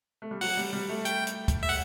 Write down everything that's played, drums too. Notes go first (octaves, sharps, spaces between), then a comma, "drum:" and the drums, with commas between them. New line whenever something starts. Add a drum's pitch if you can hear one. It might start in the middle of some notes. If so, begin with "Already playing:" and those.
A3
G3
F#3 F#5, drum: open hi-hat
G3
G3
A3
G5, drum: hi-hat
drum: hi-hat
drum: kick, hi-hat
E5
F#5, drum: open hi-hat